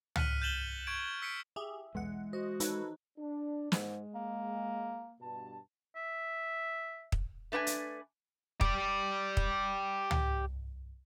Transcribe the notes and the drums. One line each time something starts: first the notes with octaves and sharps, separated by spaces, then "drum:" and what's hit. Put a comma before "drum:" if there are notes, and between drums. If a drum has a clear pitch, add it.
F6 F#6 B6 C#7 D#7 F#7, drum: tom C#2
G6 A6 E7 F#7 G7
C#6 G#6 D7
E6 B6 C#7 D7
G4 G#4 E5
B1 E2 E3 G#3 F#5
F#4 C5 D#5
D#4 A4 B4 C#5, drum: hi-hat
D4
G#2 G#3, drum: snare
A#3
G2 B2 A5
E5
drum: kick
A3 D4 B4 F#5 G#5
drum: hi-hat
G4 D5, drum: kick
drum: kick
drum: tom C#2